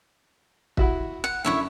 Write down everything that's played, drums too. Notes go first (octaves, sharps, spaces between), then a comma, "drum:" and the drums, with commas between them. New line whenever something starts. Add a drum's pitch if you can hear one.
E4 F#4 E5, drum: kick
F#5
F#2 D3 E4 C#5 E5